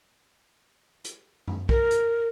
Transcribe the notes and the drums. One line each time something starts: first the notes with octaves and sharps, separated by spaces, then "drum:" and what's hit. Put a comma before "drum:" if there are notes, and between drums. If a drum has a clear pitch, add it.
drum: hi-hat
drum: tom F#2
A#4, drum: kick B1
drum: hi-hat